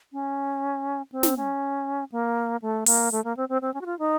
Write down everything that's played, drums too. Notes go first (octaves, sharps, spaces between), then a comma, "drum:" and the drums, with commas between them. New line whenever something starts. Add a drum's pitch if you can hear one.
C#4
C4
drum: snare
C#4
A#3
A3
A#3, drum: open hi-hat
A3
A#3
C4
C4
C4
C#4
F#4
F4
D#4